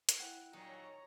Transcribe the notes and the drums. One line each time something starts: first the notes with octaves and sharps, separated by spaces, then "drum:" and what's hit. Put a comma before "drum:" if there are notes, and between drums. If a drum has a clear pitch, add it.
drum: hi-hat
E4 F#5 G5
A#2 F#3 G3 D#4 C#5 A#5